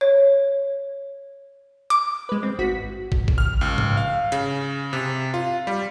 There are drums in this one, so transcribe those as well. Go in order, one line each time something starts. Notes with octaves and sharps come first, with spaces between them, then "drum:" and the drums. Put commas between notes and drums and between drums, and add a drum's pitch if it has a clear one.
C#5
D6, drum: hi-hat
G#3 B4
C4
G#1 F#4 B6
drum: kick
drum: kick
F6
C#2
drum: tom G#2
F5
C#3, drum: hi-hat
C3
F4
G3